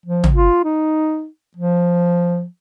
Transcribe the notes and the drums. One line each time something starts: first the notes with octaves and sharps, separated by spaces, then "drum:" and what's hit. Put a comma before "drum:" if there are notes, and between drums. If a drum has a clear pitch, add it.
F3
drum: tom
F4
D#4
F3